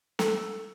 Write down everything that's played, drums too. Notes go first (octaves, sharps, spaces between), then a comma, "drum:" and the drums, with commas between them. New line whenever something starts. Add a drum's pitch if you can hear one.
A4, drum: snare